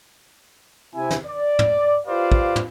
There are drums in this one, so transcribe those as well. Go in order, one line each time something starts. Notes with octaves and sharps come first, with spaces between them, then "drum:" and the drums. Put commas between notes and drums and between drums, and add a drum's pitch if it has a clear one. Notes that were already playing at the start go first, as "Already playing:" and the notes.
C3 E4 G#5
drum: snare
D5
drum: tom
F4 G4 B4 C5 D5 F5
drum: kick
drum: tom